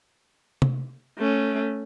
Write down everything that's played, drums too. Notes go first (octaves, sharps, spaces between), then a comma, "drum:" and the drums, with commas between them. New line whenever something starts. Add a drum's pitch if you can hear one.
drum: tom C3
A3 C#4